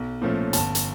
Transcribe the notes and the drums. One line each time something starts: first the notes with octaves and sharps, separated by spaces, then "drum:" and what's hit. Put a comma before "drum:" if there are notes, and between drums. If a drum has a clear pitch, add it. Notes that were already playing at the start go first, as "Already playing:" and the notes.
Already playing: B1
A#2 F3 A3 C#4
G1 A5, drum: hi-hat
drum: hi-hat